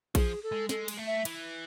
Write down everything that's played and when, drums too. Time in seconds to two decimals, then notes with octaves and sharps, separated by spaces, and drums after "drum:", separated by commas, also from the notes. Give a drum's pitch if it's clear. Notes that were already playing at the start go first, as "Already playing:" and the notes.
0.15 F3 G#4, drum: kick A#1, cymbal
0.43 A4
0.52 G#3
0.69 G#3 A4, drum: snare
0.88 drum: cymbal
0.97 A3
1.07 E5
1.25 E3, drum: cymbal